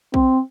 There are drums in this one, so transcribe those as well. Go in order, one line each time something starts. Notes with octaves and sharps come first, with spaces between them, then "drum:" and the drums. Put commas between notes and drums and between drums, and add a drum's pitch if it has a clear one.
C4, drum: kick A#1